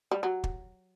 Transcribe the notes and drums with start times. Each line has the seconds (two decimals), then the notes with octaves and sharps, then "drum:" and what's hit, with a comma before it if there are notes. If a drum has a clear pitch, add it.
0.11 G3
0.23 F#3
0.44 drum: kick